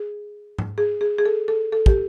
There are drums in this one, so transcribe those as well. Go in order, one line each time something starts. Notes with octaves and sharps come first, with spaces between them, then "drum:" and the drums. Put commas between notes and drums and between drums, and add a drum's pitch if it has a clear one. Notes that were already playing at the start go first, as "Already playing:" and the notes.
Already playing: G#4
drum: tom G#2
G#4
G#4
G#4
A4
A4
A4
G4, drum: kick